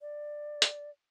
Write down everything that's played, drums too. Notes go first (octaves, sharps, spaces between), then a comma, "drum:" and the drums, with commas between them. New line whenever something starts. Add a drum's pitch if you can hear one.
D5
drum: hi-hat